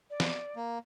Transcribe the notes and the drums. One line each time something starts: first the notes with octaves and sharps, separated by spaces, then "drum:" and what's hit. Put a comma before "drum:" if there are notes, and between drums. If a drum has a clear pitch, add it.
D5
drum: snare
A#3